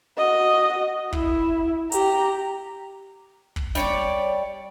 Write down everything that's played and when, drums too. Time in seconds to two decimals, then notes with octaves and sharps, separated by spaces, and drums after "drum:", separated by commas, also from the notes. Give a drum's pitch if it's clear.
0.17 F#4 D#5
1.13 E4, drum: kick
1.92 G4 A#5, drum: hi-hat
3.56 drum: kick
3.75 G3 C#5 D5, drum: snare